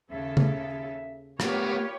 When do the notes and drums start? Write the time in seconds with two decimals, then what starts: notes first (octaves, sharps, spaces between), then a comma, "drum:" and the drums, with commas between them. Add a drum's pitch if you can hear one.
0.11 D#2 C#3 A4 E5
0.37 drum: tom C#3
1.40 A#3 B3 D4 F4 G4 A#4 B4 C#5, drum: rim click